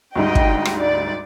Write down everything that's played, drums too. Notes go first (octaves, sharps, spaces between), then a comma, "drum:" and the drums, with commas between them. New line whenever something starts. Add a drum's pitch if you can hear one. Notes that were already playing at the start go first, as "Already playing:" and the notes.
D2 G#2 G3 D#5 G5
drum: kick
drum: rim click
D5